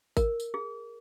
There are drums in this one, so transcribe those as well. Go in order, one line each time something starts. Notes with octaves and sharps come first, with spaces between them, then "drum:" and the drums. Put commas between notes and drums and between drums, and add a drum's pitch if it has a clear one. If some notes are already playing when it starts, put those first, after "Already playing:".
A#4, drum: kick G#1, tambourine
drum: tambourine
G#4